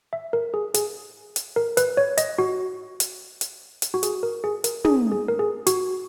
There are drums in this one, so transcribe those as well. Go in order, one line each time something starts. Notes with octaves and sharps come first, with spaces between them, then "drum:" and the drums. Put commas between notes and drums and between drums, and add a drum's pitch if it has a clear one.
E5
A#4
G#4
G#4, drum: hi-hat
drum: hi-hat
A#4
B4, drum: hi-hat
C#5
D#5, drum: hi-hat
F#4
drum: hi-hat
drum: hi-hat
drum: hi-hat
F#4
G#4, drum: hi-hat
A#4
G#4
A#4, drum: hi-hat
G#4, drum: tom
G#4
A#4
G#4
F#4, drum: hi-hat